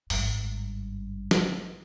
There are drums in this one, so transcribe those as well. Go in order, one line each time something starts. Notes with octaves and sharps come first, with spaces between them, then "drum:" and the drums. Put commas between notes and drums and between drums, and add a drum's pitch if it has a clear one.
G#1 G2, drum: open hi-hat
drum: snare